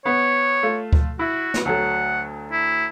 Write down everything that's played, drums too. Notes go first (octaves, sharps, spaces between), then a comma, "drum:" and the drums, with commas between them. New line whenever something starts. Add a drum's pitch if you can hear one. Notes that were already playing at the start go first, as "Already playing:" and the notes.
B3 C#5
A3 F4
drum: kick D2
E4 F#4
drum: snare
D2 F#3 A3 F#5
E4